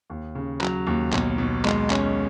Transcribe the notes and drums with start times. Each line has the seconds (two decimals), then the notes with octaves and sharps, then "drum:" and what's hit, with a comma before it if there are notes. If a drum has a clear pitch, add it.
0.10 D#2
0.35 C#3
0.61 F#3, drum: clap
0.87 D#2
1.13 B1, drum: clap
1.38 B2
1.65 G#3, drum: clap
1.90 C#4, drum: clap